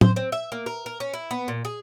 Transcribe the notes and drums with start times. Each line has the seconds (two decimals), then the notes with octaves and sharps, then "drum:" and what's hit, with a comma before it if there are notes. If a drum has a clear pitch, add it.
0.01 C5, drum: tom
0.16 C4
0.32 E5
0.52 A#3
0.66 A#4
0.86 A#4
1.00 C#4
1.13 E4
1.31 B3
1.48 A#2
1.65 G#4